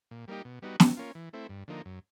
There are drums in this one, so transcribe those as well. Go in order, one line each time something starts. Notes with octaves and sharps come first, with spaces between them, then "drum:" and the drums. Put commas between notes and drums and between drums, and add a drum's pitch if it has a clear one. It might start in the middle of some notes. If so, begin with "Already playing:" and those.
A#2
G3 A#3 D#4 G4
B2
G3 B3 D#4 F#4
F#3, drum: snare
A#3 C#4 F4
E3
A3 C4 E4
G2
D3 F3 A#3 D#4
F#2